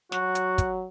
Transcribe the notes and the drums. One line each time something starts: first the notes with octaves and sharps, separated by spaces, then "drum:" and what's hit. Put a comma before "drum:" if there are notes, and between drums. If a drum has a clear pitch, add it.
F#3 F#4, drum: snare
drum: hi-hat
drum: kick, hi-hat